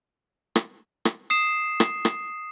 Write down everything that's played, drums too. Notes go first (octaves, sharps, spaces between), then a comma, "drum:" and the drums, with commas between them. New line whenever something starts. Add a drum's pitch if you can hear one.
drum: rim click
drum: rim click
D#6 C7 E7
drum: rim click
drum: rim click